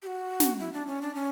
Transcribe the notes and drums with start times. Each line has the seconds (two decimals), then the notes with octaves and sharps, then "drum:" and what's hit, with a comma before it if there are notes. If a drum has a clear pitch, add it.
0.02 G4
0.06 F#4
0.40 drum: snare
0.59 E4
0.73 D4
0.87 C#4
1.01 D4
1.15 C#4